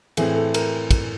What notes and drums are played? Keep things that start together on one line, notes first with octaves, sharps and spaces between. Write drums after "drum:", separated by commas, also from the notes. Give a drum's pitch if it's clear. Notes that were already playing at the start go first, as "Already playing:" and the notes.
A2 E3 A3 C4 G#4, drum: cymbal
A4
A#4, drum: cymbal
drum: kick, cymbal